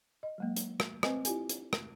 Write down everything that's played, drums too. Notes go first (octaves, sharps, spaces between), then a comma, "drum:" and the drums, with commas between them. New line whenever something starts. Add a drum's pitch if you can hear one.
D#5
F#3 G#3 A#3
drum: hi-hat
drum: rim click
C4 B4 C5 D#5 G#5, drum: rim click
E4 F4 G4 G#5, drum: hi-hat
drum: hi-hat
drum: rim click